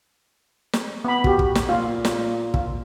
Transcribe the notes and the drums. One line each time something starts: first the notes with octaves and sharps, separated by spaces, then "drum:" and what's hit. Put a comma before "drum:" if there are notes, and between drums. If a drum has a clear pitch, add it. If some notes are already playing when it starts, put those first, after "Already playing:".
drum: snare
B3 B5
F#4 G4, drum: kick
drum: kick
drum: snare
A#2 F4
drum: snare
F4, drum: kick